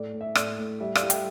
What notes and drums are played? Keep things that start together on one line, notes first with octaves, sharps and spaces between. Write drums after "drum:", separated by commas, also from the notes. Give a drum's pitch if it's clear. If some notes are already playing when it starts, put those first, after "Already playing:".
Already playing: A2 D5
A2
E5
A2 D5, drum: rim click
A2
G3 E5
D5 F5, drum: rim click
G3
E5 G5, drum: hi-hat